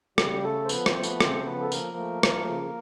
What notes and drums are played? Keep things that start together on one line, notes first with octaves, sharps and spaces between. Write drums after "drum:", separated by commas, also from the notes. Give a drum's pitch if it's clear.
C#3 G3 G4, drum: rim click
A3 A4
C5
F3 B3 B4, drum: tambourine
C4 C5, drum: rim click
A3
B3 B4, drum: tambourine
C#3 C4 C5, drum: rim click
F3 B3 B4
A4
F3 A#3 A#4, drum: tambourine
A3
F3, drum: rim click
C#3